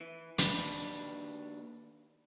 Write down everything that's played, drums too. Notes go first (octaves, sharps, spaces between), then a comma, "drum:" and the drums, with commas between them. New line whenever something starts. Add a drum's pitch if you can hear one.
E3
D#2 D4 B4, drum: hi-hat